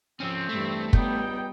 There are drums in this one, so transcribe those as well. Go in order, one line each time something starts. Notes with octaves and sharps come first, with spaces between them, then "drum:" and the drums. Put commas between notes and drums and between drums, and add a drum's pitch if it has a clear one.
F3 C4 C#4
E2 G2 A3
C#2 G3 B3 D#4 G5, drum: kick